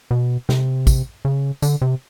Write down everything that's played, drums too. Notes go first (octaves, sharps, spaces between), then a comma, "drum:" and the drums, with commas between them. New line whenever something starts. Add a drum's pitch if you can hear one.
B2
C3, drum: snare
drum: kick, tambourine
C#3
D3, drum: tambourine
C3